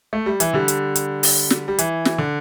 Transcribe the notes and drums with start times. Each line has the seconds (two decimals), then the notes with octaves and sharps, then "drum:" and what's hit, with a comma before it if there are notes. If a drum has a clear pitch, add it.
0.13 A3
0.26 G3
0.40 E3, drum: hi-hat
0.54 D3 G3
0.68 drum: hi-hat
0.95 drum: hi-hat
1.23 drum: open hi-hat
1.50 drum: snare
1.68 G3
1.78 E3, drum: hi-hat
2.05 drum: snare
2.19 D3